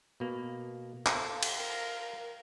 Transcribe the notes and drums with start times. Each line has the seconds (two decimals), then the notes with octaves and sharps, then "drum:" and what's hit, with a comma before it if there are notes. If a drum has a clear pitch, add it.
0.20 B2 A#3
1.06 A4 C5 F5, drum: clap
1.43 drum: cymbal
1.55 A#4